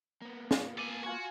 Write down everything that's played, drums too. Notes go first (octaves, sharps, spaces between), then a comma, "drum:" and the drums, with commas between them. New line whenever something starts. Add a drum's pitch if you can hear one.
A#3 B3
F4, drum: snare
A4 G#5 D6
F4 F#4 G#5 C6